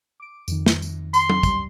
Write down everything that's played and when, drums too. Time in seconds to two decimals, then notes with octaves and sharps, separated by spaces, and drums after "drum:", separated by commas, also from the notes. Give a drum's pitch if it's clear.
0.20 D6 D7
0.48 F2 D#3, drum: tambourine
0.66 drum: snare
0.82 drum: tambourine
1.14 C6, drum: tambourine
1.30 drum: tom F#3
1.43 C#2 G2 G3, drum: kick, tambourine